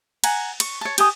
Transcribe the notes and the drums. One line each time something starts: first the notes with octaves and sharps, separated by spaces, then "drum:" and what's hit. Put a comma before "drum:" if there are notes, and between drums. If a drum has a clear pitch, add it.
F#5 G#5 A#5, drum: cymbal
C#6, drum: cymbal
C#5 A5
G4 G#5 D#6, drum: cymbal